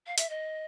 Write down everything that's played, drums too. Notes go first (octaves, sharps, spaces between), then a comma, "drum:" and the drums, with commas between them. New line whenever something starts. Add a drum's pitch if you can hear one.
F5
E5, drum: hi-hat
D#5